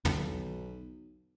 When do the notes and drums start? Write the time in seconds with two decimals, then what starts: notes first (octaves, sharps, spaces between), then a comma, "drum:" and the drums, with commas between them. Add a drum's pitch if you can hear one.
0.05 B1, drum: tom